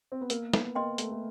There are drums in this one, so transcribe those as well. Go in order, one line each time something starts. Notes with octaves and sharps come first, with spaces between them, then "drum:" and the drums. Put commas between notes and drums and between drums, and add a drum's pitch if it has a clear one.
C4
B3
A#3 A#4, drum: hi-hat
B3, drum: snare
A#3 D#5 G5 C6
A3, drum: hi-hat
A3